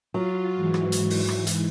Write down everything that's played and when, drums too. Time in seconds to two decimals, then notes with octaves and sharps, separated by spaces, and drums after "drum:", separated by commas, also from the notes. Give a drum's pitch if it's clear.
0.14 F#3 F4
0.56 G#2 E3
0.74 drum: rim click
0.92 drum: hi-hat
1.10 drum: open hi-hat
1.28 drum: rim click
1.47 drum: hi-hat